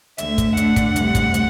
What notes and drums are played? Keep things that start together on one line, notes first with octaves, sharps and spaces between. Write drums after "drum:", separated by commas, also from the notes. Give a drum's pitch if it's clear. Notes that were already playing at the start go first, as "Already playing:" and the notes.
D2 D3 A3 E5, drum: hi-hat
drum: kick, hi-hat
D3 A3 D4 F#5, drum: hi-hat
drum: kick, hi-hat
D2 C3 G3, drum: hi-hat
drum: kick, hi-hat
drum: hi-hat